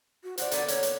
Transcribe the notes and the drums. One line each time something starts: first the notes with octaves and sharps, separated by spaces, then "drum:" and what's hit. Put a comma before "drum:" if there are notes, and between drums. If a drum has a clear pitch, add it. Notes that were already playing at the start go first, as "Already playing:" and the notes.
F#4
C5 D5 F#5, drum: hi-hat
D3 A#3 B3 D5, drum: hi-hat
C#5, drum: hi-hat
drum: hi-hat